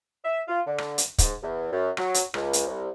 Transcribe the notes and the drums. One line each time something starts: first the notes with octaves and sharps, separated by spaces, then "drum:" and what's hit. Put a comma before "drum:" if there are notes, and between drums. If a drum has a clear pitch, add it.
E5
F4
D3
drum: rim click
drum: hi-hat
G#2, drum: kick, hi-hat
E2
F#2
F#3, drum: rim click
drum: hi-hat
C#2, drum: rim click
drum: hi-hat
C2